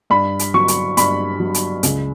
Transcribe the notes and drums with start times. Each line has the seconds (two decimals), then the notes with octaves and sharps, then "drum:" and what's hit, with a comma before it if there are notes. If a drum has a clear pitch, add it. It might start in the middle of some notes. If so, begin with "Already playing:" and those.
0.10 G2 B5
0.39 drum: hi-hat
0.54 F#3 C#6
0.68 drum: hi-hat
0.97 G2 B5, drum: hi-hat
1.40 F#3
1.54 drum: hi-hat
1.83 C#2, drum: hi-hat